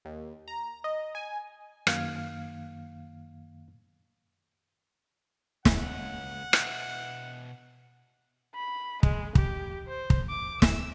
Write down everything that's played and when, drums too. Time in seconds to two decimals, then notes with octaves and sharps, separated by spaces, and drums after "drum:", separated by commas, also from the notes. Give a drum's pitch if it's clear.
0.05 D#2
0.48 A#5
0.84 D#5
1.15 G#5
1.87 F#2 D#3 A#3 F5 F6 G#6, drum: rim click
5.65 C#2 F#5, drum: snare
6.53 B2 E5, drum: rim click
8.55 B5
9.03 G#3, drum: kick
9.35 G4, drum: kick
9.88 C5
10.10 drum: kick
10.29 D6
10.62 E6, drum: snare